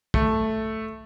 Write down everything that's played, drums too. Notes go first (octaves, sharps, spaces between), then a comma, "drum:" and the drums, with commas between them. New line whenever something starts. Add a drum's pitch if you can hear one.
A3, drum: kick